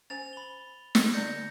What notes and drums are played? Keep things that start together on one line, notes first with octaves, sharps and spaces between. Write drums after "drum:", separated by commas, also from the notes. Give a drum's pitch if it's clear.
C#4 C5 G#5 A6 F7
B5 G7
drum: snare
D3 D5 G6 A#6 C#7